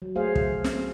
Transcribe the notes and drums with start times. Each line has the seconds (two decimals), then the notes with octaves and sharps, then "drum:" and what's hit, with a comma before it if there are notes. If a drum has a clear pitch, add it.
0.02 F#3
0.15 A3 G#4 C5 F5
0.36 drum: kick
0.64 drum: snare